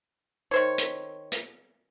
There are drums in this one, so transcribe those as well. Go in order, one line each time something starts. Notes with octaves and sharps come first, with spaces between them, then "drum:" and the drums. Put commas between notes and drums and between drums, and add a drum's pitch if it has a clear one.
D#3 C5 C#5
drum: hi-hat
drum: hi-hat